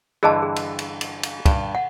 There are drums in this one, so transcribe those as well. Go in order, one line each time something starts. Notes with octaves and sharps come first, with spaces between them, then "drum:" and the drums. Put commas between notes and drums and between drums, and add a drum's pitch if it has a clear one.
G2 D3 E3 G#4 D#5 A5
G#4
drum: cymbal
drum: cymbal
drum: cymbal
drum: cymbal
G2, drum: kick, cymbal
F#5